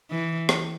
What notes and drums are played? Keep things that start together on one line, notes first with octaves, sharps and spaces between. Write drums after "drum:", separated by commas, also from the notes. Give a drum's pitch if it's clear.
E3
drum: rim click